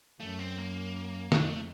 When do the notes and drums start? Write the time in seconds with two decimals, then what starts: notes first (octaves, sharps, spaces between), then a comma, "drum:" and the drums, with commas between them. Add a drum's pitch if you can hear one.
0.20 F#2 A3
0.39 C4
0.58 A#3
1.32 F2 A3, drum: snare